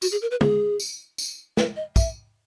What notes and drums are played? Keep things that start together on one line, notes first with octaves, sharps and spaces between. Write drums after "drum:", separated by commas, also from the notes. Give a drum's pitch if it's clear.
F#4, drum: tambourine
G#4
A#4
B4
G#4, drum: tom
drum: tambourine
drum: tambourine
B4, drum: snare
D#5
E5, drum: kick, tambourine